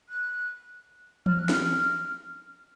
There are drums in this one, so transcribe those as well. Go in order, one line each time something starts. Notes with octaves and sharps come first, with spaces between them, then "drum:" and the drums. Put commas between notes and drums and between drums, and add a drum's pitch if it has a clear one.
F#6
F6, drum: tom E3
F#6
F6, drum: snare